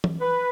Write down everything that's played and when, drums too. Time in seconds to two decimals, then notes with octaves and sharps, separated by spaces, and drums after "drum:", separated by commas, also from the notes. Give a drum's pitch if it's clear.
0.04 drum: tom E3
0.21 B4